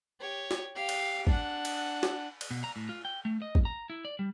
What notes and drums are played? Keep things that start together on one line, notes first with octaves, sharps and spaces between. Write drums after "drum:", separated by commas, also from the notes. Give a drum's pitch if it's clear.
G4 C#5
drum: snare
G4 F5
drum: cymbal
D4 F#5, drum: kick
drum: cymbal
drum: snare
drum: cymbal
B2
A#5
A2
F4
G5
A3
D#5
drum: kick
A#5
E4
D5
G3